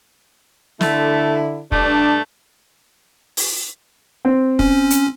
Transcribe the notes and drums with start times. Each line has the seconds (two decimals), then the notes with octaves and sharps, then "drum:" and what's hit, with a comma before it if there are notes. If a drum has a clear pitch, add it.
0.81 D3 A3 E4, drum: snare
1.72 G2 A3 D4 D5, drum: kick
3.37 drum: open hi-hat
4.25 C4
4.59 C#4, drum: kick
4.90 drum: hi-hat